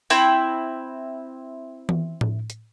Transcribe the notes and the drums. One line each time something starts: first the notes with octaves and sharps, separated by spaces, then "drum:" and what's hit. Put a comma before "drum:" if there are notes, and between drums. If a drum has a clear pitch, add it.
C4 E4 G5, drum: open hi-hat
drum: tom E3
drum: tom A2
drum: hi-hat